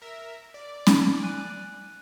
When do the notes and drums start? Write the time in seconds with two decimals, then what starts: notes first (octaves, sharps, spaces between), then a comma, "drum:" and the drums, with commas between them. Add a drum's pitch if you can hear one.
0.02 A#4 E5
0.54 D5
0.87 drum: snare C#4
1.23 G#5 F#6 D#7